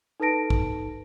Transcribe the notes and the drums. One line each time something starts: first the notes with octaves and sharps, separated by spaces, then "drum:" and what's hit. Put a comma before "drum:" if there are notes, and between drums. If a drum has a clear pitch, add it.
D#4 A4 B4 A5 A#6 D7
drum: kick